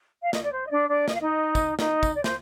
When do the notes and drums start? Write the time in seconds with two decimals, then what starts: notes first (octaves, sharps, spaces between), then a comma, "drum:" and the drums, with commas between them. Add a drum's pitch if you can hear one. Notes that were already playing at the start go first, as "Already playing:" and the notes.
0.22 F5
0.33 D#5, drum: snare
0.44 D5
0.53 C5
0.67 D#5
0.71 D4 D5
0.89 D4 D5
1.08 D#5, drum: snare
1.14 F5
1.21 D#4 D#5
1.55 drum: kick, tambourine
1.79 D#4 D#5, drum: snare
2.03 drum: kick, tambourine
2.15 D5
2.24 C5, drum: snare